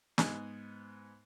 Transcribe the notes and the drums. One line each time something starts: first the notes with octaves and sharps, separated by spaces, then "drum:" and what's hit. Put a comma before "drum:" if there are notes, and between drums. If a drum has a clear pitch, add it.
G#2 B3 D#5 G#5, drum: snare